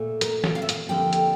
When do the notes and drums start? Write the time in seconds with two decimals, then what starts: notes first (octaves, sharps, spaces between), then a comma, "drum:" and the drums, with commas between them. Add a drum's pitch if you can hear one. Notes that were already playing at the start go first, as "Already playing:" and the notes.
Already playing: A#2 A3
0.21 A#4, drum: hi-hat
0.44 drum: snare
0.55 F5
0.62 E5
0.69 F5, drum: hi-hat
0.89 F2 D3 G3 A#3 G5
1.13 drum: hi-hat